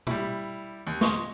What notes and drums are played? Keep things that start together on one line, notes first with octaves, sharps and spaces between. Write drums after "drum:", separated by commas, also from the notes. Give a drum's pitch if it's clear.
G3 E4, drum: tom
D#2
D#5 C6 C#6, drum: snare